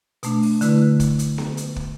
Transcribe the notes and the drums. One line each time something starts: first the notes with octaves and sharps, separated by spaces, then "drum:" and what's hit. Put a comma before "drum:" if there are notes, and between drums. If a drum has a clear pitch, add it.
B2 A3 D4, drum: hi-hat
drum: open hi-hat
D3 A3 E4 B4, drum: hi-hat
drum: kick, hi-hat
drum: hi-hat
drum: snare B3
drum: hi-hat
drum: kick